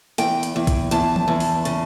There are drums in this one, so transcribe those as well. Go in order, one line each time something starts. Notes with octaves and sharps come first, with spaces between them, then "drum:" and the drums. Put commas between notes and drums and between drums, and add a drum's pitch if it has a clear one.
E2 G5, drum: hi-hat
drum: hi-hat
E2
drum: kick A#1, hi-hat
E2 A5, drum: hi-hat
drum: tom F3
E2
drum: open hi-hat
C#3, drum: hi-hat